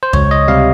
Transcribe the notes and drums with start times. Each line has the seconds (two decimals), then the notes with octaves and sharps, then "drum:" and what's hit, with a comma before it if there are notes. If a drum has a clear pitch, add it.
0.03 C5
0.13 C#2 C#5, drum: kick
0.31 D#5
0.48 C3 G3 F5